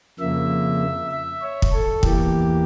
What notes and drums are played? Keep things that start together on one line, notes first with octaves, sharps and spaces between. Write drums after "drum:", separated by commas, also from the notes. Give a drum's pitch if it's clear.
F2 C#3 F3 A#3 E5
E5
C#5
drum: kick
A4
E2 E3 A#3 G4, drum: kick